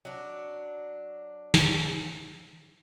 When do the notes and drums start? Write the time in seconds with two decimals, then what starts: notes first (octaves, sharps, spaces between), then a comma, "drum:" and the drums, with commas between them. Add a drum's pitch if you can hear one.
0.05 F#3 D4
1.54 drum: snare